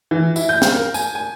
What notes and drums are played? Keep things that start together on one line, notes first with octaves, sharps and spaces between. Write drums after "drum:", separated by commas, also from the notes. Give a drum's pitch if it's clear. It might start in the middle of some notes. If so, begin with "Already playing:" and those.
E3
E4, drum: tambourine
G6
F5, drum: snare
A#4
G#5, drum: tambourine
G#5